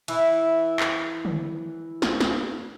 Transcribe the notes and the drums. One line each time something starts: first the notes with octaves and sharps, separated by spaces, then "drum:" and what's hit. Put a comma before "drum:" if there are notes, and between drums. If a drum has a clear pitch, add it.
E3 E4, drum: cymbal
drum: clap
drum: tom D3
drum: snare
drum: snare